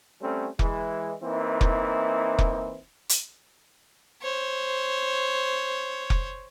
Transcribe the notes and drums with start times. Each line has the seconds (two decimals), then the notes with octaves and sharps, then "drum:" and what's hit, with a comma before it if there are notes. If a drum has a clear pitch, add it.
0.22 G3 A3 C4 C#4
0.59 E3 G#3, drum: kick F1
1.22 E3 A#3 C4 D#4 E4
1.61 drum: kick F1
2.39 drum: kick F1
3.09 drum: hi-hat
4.22 C5 C#5
6.10 drum: kick F1